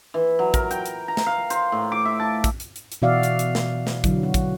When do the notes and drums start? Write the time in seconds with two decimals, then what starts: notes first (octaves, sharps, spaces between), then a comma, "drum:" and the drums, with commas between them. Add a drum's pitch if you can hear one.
0.14 E3
0.39 F#3
0.54 A#4, drum: kick, hi-hat
0.71 G5, drum: hi-hat
0.86 drum: hi-hat
1.08 A#5
1.17 drum: snare
1.26 F5
1.50 C5, drum: hi-hat
1.72 A2
1.92 D6
2.05 E5
2.20 A5
2.44 drum: kick, hi-hat
2.60 drum: hi-hat
2.76 drum: hi-hat
2.92 drum: hi-hat
3.02 B2 E3 F#4 D5 E5 F5
3.23 drum: hi-hat
3.39 drum: hi-hat
3.55 drum: snare
3.87 drum: snare
4.04 D3 F#3 E4, drum: kick, hi-hat
4.23 F#4
4.34 drum: kick, hi-hat